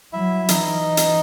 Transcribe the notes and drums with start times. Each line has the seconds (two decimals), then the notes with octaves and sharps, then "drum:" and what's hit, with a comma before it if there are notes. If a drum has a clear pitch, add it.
0.13 F#3 E4 E5
0.49 E3 D#4 D#5, drum: hi-hat
0.97 drum: hi-hat